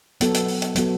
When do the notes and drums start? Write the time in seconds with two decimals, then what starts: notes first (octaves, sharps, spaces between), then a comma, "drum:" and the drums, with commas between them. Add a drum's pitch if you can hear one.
0.21 F#3 B3 F#4 A4, drum: hi-hat
0.34 drum: hi-hat
0.48 drum: open hi-hat
0.62 drum: hi-hat
0.75 F#3 B3 F#4 A4, drum: hi-hat